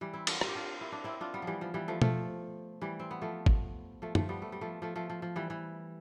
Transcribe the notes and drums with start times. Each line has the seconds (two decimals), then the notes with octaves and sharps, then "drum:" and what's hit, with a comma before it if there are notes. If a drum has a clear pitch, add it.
0.01 E3 G3
0.13 C4 E4
0.27 D4 F4, drum: cymbal
0.41 F4, drum: rim click
0.48 G4
0.55 D4 F4
0.81 E4
0.92 D4
1.04 C4 E4
1.21 D4 F4
1.34 G3 B3
1.42 F3
1.47 E3 G3
1.61 F3
1.74 E3 G3
1.88 F3 A3
2.02 F3 A3, drum: tom B2
2.81 E3 G3
3.00 C4
3.11 B3
3.22 F3 A3
3.46 drum: kick
4.02 F3 A3
4.15 F3 A3, drum: tom
4.29 G3 B3
4.42 A3
4.52 G3
4.61 F3 A3
4.82 F3 A3
4.96 F3 A3
5.10 F3
5.22 F3
5.36 E3 G3
5.50 E3